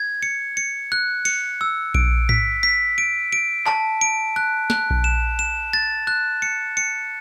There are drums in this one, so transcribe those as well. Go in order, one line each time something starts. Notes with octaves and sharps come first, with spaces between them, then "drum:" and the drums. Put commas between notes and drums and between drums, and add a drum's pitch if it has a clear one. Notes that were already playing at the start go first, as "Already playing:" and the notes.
Already playing: G#6
C#7
C#7
F#6
C#7, drum: cymbal
E6
D7, drum: kick A#1
B6, drum: tom G#2
B6
D7
D7
A5, drum: clap
D7
F#6
F#6, drum: snare
drum: kick A#1
E7
E7
A6
F#6
C#7
C#7